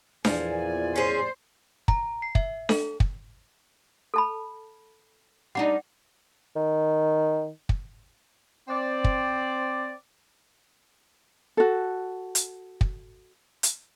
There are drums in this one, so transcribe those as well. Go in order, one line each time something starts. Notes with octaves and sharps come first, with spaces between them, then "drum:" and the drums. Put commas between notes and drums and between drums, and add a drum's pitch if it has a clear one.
E2 A#2 F3 D5 G#5, drum: snare D4
C#4 G#4 C5
A#5, drum: kick
C7
E5, drum: kick
A4, drum: snare D4
drum: kick
A4 A5 B5
G3 D4 D#4 F#5
D#3
drum: kick
C4 D5
drum: kick
F#4 A4
drum: hi-hat
drum: kick
drum: hi-hat